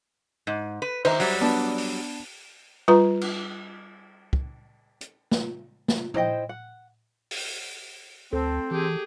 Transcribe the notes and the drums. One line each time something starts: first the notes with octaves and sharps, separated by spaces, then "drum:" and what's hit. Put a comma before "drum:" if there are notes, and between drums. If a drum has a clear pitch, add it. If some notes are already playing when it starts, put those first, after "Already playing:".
G#2
B4
D#3 C5 E5 A#5, drum: cymbal
F#3 G3, drum: open hi-hat
B3 D4 A5
drum: open hi-hat
G3 F4 B4 A#5
drum: cymbal
drum: kick
drum: hi-hat
drum: snare
drum: snare
E4 C5 D#5 G5, drum: tom A2
F#5
drum: open hi-hat
D2 C4 A4
E3 G4 G#4